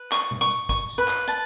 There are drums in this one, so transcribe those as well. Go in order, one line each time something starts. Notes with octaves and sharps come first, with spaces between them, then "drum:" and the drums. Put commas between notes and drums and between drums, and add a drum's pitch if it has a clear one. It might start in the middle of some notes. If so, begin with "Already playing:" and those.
Already playing: B4
C#6, drum: clap
drum: tom B2
C#6
drum: tambourine
C#6, drum: kick G#1, tambourine
drum: tambourine
B4
drum: clap
A5, drum: tambourine